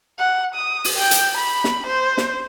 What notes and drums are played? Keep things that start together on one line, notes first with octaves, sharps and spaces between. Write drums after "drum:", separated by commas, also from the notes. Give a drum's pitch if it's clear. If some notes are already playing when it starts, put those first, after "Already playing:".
F#5
D#6
drum: open hi-hat
G5
drum: hi-hat
B5
drum: snare
C5
drum: snare